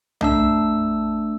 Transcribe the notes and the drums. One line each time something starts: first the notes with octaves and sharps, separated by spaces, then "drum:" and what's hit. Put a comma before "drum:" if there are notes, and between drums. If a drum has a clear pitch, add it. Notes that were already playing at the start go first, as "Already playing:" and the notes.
A3 D4 E6, drum: tom